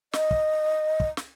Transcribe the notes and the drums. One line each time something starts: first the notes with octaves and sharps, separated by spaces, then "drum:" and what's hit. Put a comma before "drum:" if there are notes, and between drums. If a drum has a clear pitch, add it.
D#5, drum: snare
drum: kick
drum: kick
drum: snare